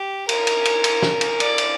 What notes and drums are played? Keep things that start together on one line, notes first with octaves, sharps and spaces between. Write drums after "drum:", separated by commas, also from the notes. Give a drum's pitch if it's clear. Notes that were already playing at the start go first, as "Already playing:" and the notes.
Already playing: G4
A#4, drum: cymbal
drum: cymbal
drum: cymbal
drum: cymbal
drum: snare
drum: cymbal
D5, drum: cymbal
drum: cymbal